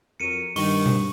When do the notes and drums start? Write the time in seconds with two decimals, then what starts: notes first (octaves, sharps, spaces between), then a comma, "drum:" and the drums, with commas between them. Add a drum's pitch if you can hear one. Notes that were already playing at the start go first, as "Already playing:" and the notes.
0.20 F2 F#3 A#4 C#7 D#7
0.56 G2 D#3 C#6, drum: open hi-hat
0.86 drum: tom B2